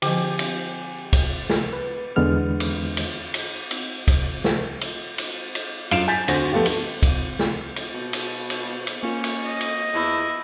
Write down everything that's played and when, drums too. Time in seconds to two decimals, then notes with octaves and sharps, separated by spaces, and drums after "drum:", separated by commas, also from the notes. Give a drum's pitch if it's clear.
0.02 D3 F3 G4 G#5, drum: cymbal
0.39 drum: cymbal
1.13 drum: kick, cymbal
1.50 drum: snare
1.73 B4
2.16 E2 D3 G#3 B3 F6
2.60 drum: cymbal
2.97 drum: cymbal
3.34 drum: cymbal
3.71 drum: cymbal
4.08 drum: kick, cymbal
4.44 drum: snare
4.81 drum: cymbal
5.18 drum: cymbal
5.55 drum: cymbal
5.91 F#2 F4 C7 D7 E7 F7, drum: cymbal
6.08 G#5 G6 A6 B6
6.28 D2 F#4 C5 A#6, drum: cymbal
6.52 F3 A3 B3 F4 G4
6.66 drum: cymbal
7.03 drum: kick, cymbal
7.39 drum: snare
7.76 drum: cymbal
7.94 B2
8.13 drum: cymbal
8.50 drum: cymbal
8.87 drum: cymbal
9.03 A#3 C#4 F4
9.24 drum: cymbal
9.44 D#5
9.61 drum: cymbal
9.94 E2 E4